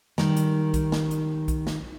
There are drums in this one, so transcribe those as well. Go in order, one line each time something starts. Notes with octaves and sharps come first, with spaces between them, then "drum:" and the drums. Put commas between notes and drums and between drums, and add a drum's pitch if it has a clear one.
D#3 G3, drum: snare
drum: hi-hat
drum: kick B1, hi-hat
drum: snare
drum: hi-hat
drum: kick B1, hi-hat
drum: snare